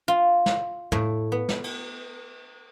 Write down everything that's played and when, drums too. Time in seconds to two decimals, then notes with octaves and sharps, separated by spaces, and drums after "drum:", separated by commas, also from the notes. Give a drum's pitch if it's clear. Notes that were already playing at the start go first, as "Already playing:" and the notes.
0.08 F4
0.46 drum: snare
0.92 A2, drum: tom
1.32 B3
1.49 drum: snare
1.64 drum: cymbal